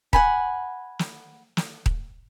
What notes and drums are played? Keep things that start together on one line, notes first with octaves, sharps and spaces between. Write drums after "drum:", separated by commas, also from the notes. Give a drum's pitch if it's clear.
F#5 G#5 B5, drum: kick D#1
drum: snare
drum: snare
drum: kick D#1